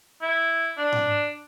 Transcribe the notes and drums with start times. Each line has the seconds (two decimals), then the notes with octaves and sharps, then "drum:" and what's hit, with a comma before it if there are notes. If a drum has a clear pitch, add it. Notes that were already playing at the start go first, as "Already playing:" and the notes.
0.22 E4
0.78 D4
0.92 drum: tom G#2